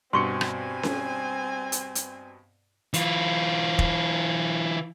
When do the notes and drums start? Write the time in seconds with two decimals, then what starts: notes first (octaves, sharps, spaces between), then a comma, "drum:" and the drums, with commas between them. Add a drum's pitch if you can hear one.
0.13 G2 B2 C4 G#5 C6 C#6 C#7
0.41 drum: rim click
0.83 drum: snare C#4
1.72 drum: hi-hat
1.95 drum: hi-hat
2.94 E3 F4, drum: hi-hat
3.79 drum: kick